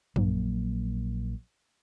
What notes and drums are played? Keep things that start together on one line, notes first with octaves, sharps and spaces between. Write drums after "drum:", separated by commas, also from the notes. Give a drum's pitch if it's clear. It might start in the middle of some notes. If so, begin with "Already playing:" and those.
A#1 F#3 A#3, drum: tom F#2